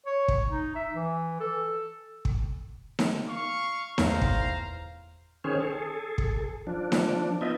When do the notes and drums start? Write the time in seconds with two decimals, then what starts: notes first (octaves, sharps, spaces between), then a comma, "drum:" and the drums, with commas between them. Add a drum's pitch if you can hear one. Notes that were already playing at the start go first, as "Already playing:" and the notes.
0.06 C#5
0.28 drum: kick
0.49 D#4
0.75 E5
0.93 E3
1.40 A4
2.25 drum: kick
2.99 drum: snare D#4
3.29 F5 C#6
3.98 E2 A2 C5 F5 A#5, drum: snare D#4
4.21 drum: kick
5.44 D#3 C#4 G#4 C5 C#5
5.60 G#4 A4
6.18 drum: kick
6.67 F3 D4
6.92 drum: snare D#4
7.41 B3 D#4 F4 D#5 E5